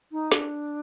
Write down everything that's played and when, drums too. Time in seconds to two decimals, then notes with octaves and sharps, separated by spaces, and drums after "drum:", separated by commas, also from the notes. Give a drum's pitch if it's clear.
0.12 D#4
0.32 D4, drum: snare